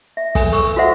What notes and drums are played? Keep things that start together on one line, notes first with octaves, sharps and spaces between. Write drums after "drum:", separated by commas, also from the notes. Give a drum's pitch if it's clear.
E5
A4 G#5, drum: kick, open hi-hat
A4 C#6 E6, drum: open hi-hat
F4 F#4 A4 C5 E5 F#5